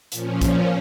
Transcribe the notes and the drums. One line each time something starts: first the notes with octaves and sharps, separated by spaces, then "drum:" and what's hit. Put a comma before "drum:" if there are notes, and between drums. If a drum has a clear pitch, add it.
A#2 F3 C#4, drum: hi-hat
drum: kick, hi-hat